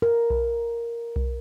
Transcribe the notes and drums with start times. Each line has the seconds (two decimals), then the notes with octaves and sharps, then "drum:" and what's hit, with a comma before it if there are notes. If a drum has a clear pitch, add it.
0.02 A#4
0.30 drum: kick B1
1.16 drum: kick B1